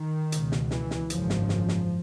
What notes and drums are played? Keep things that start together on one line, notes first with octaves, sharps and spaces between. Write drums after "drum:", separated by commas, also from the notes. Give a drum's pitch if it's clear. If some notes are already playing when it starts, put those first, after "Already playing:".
Already playing: D#3
C#2 B2, drum: hi-hat
drum: snare
E3, drum: snare
drum: snare
G#1 F#2 C#3 F3, drum: hi-hat
drum: snare
drum: snare
drum: snare